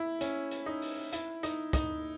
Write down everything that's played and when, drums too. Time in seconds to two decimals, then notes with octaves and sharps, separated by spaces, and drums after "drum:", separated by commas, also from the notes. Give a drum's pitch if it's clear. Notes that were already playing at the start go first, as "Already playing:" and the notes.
Already playing: E4
0.21 C#4, drum: hi-hat
0.51 drum: hi-hat
0.66 D#4
0.82 drum: open hi-hat
1.13 E4, drum: hi-hat
1.43 D#4, drum: hi-hat
1.73 D#4, drum: kick, hi-hat